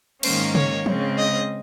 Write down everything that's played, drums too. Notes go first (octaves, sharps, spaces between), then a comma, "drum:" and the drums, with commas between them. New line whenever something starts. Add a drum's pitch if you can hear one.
G#2 D#3 A#3 C#4 C5, drum: cymbal
C#5, drum: tom C#3
C#3 G#3 C4, drum: tom
D#5